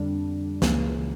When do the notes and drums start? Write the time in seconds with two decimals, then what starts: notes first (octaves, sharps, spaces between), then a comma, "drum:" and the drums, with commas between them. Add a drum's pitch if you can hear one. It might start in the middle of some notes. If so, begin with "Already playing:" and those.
Already playing: F2 D3 G3 D4
0.62 C#2 C#3 E3 A#3, drum: snare